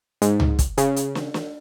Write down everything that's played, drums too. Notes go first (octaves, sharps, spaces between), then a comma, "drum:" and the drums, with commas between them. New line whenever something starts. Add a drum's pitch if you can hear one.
G#2, drum: hi-hat
drum: tom C#2
drum: kick, hi-hat
C#3, drum: hi-hat
drum: hi-hat
drum: snare
drum: snare